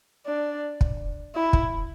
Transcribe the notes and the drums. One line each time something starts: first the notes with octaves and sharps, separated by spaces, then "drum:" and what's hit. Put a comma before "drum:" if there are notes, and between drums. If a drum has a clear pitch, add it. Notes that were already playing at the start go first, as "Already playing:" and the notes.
D4
drum: kick
E4
drum: kick